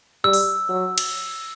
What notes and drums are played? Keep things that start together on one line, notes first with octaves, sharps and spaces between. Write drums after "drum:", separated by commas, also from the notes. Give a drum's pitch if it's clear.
G3 E6
drum: open hi-hat
F#3
drum: cymbal